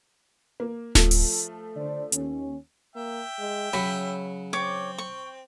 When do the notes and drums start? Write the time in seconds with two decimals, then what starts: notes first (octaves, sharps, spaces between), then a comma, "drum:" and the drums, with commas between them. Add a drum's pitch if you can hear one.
0.60 A#3
0.95 F3 A3, drum: snare D1
1.11 drum: open hi-hat
1.76 D3 C5 D5
2.12 D#2 C#4, drum: hi-hat
2.96 A#3 E5 G5
3.39 G#3
3.73 C#3 F#3 F#4 B5
4.53 C4 C#5 G5 D6
4.98 C#6